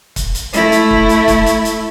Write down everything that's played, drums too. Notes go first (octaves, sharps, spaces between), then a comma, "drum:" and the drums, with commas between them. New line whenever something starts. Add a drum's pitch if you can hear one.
drum: kick, hi-hat
drum: hi-hat
A3 E4, drum: hi-hat
drum: hi-hat
drum: kick
drum: hi-hat
drum: kick, hi-hat
drum: hi-hat
drum: hi-hat